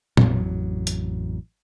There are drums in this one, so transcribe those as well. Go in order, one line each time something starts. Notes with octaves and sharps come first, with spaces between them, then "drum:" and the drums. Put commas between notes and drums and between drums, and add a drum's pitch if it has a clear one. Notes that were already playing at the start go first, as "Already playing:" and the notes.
A1 F2 F#3, drum: tom A#2
drum: hi-hat